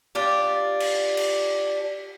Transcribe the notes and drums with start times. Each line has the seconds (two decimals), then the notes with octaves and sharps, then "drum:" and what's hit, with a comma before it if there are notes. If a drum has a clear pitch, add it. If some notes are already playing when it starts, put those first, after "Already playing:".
0.15 D4 F4 G4
0.80 drum: cymbal
1.17 drum: cymbal